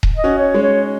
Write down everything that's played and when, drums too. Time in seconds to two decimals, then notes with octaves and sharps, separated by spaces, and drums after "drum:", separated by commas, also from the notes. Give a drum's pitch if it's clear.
0.03 drum: kick D#1
0.16 D#5
0.24 C#4 F#4
0.39 C#5
0.54 G#3 C#4
0.62 C#5